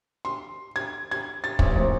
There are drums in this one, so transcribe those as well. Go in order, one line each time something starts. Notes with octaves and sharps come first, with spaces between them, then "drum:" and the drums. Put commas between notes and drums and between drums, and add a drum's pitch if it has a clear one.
C6
G#6
G#6
A6
A1, drum: kick
G#1